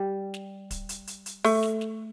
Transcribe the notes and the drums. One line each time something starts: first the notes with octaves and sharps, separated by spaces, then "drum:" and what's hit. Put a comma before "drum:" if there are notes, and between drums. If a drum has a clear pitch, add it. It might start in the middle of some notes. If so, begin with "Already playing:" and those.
Already playing: G3
drum: snare
drum: kick, hi-hat
drum: hi-hat
drum: hi-hat
drum: hi-hat
A3, drum: open hi-hat
drum: snare
drum: snare